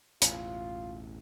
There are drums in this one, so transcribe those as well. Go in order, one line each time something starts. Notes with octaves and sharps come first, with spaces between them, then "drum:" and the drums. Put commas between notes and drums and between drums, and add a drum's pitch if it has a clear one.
A1 E2 B2 F4, drum: hi-hat